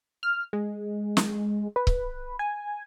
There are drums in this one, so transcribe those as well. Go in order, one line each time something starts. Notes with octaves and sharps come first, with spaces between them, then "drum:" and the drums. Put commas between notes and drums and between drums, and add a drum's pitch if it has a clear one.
F6
G#3
drum: snare
B4
drum: kick C#1
G#5